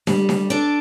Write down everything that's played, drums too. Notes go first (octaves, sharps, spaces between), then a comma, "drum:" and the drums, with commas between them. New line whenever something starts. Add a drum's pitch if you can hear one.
G3, drum: snare
drum: snare
D4 A4 D5